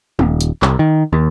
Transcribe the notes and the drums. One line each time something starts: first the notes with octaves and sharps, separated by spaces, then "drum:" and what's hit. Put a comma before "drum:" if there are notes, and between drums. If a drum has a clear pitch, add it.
D#1, drum: tom
drum: hi-hat
C2, drum: clap
D#3
D#2